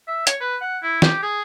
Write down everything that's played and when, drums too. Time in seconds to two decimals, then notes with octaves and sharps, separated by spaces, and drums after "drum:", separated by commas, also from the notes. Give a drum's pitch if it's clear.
0.08 E5
0.27 C#5, drum: hi-hat
0.41 B4
0.61 F#5
0.83 E4
1.02 G4, drum: snare
1.22 G#4